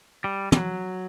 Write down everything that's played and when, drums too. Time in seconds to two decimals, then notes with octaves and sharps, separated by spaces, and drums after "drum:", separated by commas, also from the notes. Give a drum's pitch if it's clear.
0.24 G3
0.52 G3, drum: tom
0.57 F#3